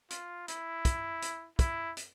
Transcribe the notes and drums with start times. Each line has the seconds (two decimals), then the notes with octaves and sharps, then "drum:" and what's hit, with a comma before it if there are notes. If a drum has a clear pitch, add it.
0.10 F4, drum: hi-hat
0.48 E4, drum: hi-hat
0.85 drum: kick, hi-hat
1.22 drum: hi-hat
1.59 E4, drum: kick, hi-hat
1.97 drum: hi-hat